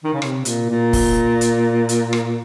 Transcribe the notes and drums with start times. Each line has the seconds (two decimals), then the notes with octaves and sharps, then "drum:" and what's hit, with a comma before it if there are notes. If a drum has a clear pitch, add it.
0.04 D#3
0.13 C#3
0.22 C3, drum: rim click
0.45 A#2, drum: hi-hat
0.70 A#2
0.93 drum: kick, open hi-hat
1.41 drum: hi-hat
1.89 drum: hi-hat
2.13 drum: rim click